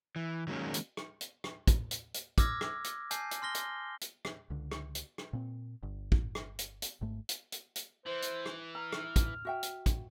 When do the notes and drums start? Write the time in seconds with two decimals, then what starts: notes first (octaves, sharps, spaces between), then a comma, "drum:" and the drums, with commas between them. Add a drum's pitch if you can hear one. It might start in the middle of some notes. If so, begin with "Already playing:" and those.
0.16 E3
0.47 D#3 F#3 G#3 A#3 B3 C#4
0.74 drum: hi-hat
0.97 drum: rim click
1.21 drum: hi-hat
1.44 drum: rim click
1.67 drum: kick, hi-hat
1.91 drum: hi-hat
2.14 drum: hi-hat
2.38 D6 E6 F6 G#6 A#6, drum: kick, hi-hat
2.61 drum: rim click
2.84 drum: hi-hat
3.11 G#5 A5 G6 C7, drum: hi-hat
3.31 drum: hi-hat
3.42 C6 F6 A#6 G7
3.55 drum: hi-hat
4.01 drum: hi-hat
4.25 drum: rim click
4.50 C#2 D3
4.72 drum: rim click
4.95 drum: hi-hat
5.18 drum: rim click
5.33 A#2 C4
5.83 G1
6.12 drum: kick
6.35 drum: rim click
6.59 drum: hi-hat
6.82 drum: hi-hat
7.01 G#1 G#2 A3
7.29 drum: hi-hat
7.52 drum: hi-hat
7.76 drum: hi-hat
8.06 E3 C5
8.22 drum: hi-hat
8.46 drum: rim click
8.75 A#5 F6
8.92 drum: rim click
9.16 drum: kick, hi-hat
9.45 F#4 E5 G5
9.63 drum: hi-hat
9.86 drum: kick, hi-hat